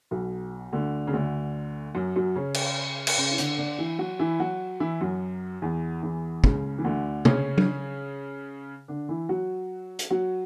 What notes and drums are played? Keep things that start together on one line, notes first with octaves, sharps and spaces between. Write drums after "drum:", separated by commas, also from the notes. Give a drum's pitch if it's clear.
B1 B2
D2 D3
C#3
D2 D3
F#2 F#3
F#2 F#3
C#3 C#4
drum: cymbal
drum: cymbal
C#3 C#4
E4
D3 D4, drum: hi-hat
D3 D4
E3 E4
F#3 F#4
E3 E4
F#3 F#4
E3 E4
F#2 F#3
E2 E3
E2 E3
C#2 C#3, drum: kick
E3
D2 D3
C#3 C#4, drum: tom
drum: tom
D3 D4
E3 E4
F#3 F#4
drum: hi-hat
F#3 F#4